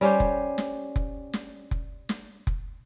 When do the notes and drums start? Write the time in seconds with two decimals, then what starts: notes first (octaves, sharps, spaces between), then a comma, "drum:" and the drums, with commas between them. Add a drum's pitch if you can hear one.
0.01 G3 C#4 G4 C5
0.20 drum: kick F1
0.58 drum: snare
0.96 drum: kick F1
1.33 drum: snare
1.71 drum: kick F1
2.09 drum: snare
2.47 drum: kick F1